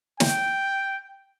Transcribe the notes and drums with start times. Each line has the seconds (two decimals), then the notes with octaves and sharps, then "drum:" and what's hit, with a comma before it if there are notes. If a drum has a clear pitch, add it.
0.20 G5, drum: snare